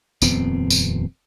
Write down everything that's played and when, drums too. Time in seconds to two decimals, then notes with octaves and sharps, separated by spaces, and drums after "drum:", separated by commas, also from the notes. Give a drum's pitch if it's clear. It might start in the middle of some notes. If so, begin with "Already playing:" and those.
0.22 D#1 F2 B3 C4, drum: tambourine
0.70 drum: tambourine